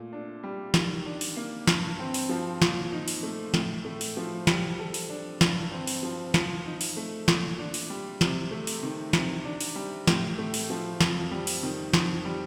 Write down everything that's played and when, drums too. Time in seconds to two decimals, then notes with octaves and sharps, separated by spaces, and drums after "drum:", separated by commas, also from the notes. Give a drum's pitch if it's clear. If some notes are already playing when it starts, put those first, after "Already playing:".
Already playing: A#2 A3
0.13 D4
0.43 G3
0.74 D#3, drum: snare
1.06 D4
1.21 drum: open hi-hat
1.36 A#3
1.67 G2, drum: snare
1.99 C4
2.14 drum: open hi-hat
2.29 F3
2.62 A#2, drum: snare
2.92 D#4
3.08 drum: open hi-hat
3.23 A3
3.54 A2, drum: snare
3.85 A3
4.01 drum: open hi-hat
4.17 F3
4.47 G3, drum: snare
4.79 A4
4.94 drum: open hi-hat
5.10 D4
5.41 G2, drum: snare
5.72 C4
5.87 drum: open hi-hat
6.03 F3
6.34 F3, drum: snare
6.65 D#4
6.81 drum: open hi-hat
6.97 A3
7.28 A#2, drum: snare
7.59 D4
7.74 drum: open hi-hat
7.90 G3
8.21 C3, drum: snare
8.51 A3
8.67 drum: open hi-hat
8.83 D#3
9.13 C3, drum: snare
9.45 D4
9.61 drum: open hi-hat
9.75 G3
10.07 A2, drum: snare
10.38 A3
10.54 drum: open hi-hat
10.70 F3
11.01 F2, drum: snare
11.31 G3
11.47 drum: open hi-hat
11.63 D#3
11.93 F2, drum: snare
12.25 G3